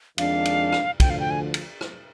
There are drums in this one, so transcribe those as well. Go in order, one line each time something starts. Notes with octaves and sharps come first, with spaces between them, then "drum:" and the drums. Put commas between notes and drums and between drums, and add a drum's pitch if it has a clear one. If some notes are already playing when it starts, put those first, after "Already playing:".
F2 D#3 G#3 D4 F5, drum: cymbal
drum: cymbal
drum: rim click
D2 D3 F3 G5, drum: kick, cymbal
F5
G5
G#5
drum: cymbal
drum: rim click